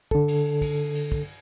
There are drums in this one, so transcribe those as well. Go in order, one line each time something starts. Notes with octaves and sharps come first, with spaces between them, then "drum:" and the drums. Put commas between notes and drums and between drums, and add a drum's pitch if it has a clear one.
D3 A4, drum: kick
drum: cymbal
drum: kick, cymbal
drum: cymbal
drum: kick